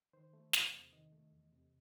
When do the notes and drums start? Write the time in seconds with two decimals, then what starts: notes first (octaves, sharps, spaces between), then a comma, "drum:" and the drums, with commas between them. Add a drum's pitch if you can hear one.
0.13 D#3 C5
0.33 A3
0.53 E2, drum: snare
0.73 C3
0.93 D#3 D#5
1.12 A3
1.32 E2
1.52 C3